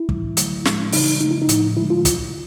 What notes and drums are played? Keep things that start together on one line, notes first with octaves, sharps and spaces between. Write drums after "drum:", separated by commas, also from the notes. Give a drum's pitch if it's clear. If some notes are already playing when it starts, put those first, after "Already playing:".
Already playing: E4
A2 E3 G3, drum: kick
D3 F#3 A3, drum: hi-hat
A2 F3 G#3, drum: snare
C#3 E3 G3 D#4, drum: open hi-hat
C#3 F3 A3 D#4
E4
D#4
A2 F3 A3, drum: hi-hat
D3 F3 G#3 E4
F4
drum: kick, hi-hat